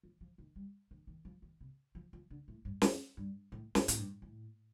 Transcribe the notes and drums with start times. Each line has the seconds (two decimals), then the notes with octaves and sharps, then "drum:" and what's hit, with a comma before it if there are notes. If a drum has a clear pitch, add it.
0.03 F3
0.21 F3
0.38 D#3
0.56 G3
0.91 D#3
1.07 D#3
1.25 F3
1.42 D#3
1.61 C3
1.95 F3
2.13 F3
2.30 D3
2.48 A2
2.65 G2
2.82 F2, drum: snare
3.17 G2
3.52 A2
3.75 F2, drum: snare
3.88 A2, drum: hi-hat
3.98 G2
4.22 A2